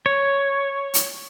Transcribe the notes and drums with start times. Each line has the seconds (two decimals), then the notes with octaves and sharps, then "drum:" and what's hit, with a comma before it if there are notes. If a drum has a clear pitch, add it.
0.06 C#5
0.94 drum: hi-hat